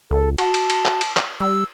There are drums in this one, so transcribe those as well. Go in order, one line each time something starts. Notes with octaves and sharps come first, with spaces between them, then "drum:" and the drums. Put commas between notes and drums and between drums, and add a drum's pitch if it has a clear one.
C#2 A4
F#4 A5, drum: cymbal
drum: cymbal
drum: cymbal
drum: clap
drum: cymbal
drum: clap
G3 E6